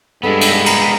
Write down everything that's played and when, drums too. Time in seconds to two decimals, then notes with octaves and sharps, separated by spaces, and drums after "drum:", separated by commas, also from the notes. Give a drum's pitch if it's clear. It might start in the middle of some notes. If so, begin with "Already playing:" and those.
0.23 G2 G#3 B3 G#4 A4 D#5 B5
0.41 drum: cymbal
0.66 A#5, drum: cymbal